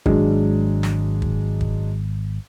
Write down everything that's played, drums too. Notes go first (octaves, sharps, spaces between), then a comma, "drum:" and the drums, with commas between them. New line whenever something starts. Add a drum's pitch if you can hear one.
G#1 F#3 G#3 D4, drum: kick
drum: snare
drum: kick
drum: kick